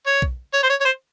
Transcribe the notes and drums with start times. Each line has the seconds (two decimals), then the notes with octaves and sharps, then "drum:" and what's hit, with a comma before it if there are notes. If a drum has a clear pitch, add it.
0.06 C#5
0.22 drum: kick B1
0.53 C#5
0.63 C5
0.70 C#5
0.81 C#5
0.85 C5